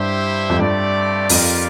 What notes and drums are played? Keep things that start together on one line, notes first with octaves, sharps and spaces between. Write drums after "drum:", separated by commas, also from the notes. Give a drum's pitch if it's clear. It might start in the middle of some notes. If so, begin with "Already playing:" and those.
Already playing: G2 E4 G4 C5 E5
F2
G2 A3 C4 G4 D5
F2 G3 A#3 F4 A#4 D5, drum: open hi-hat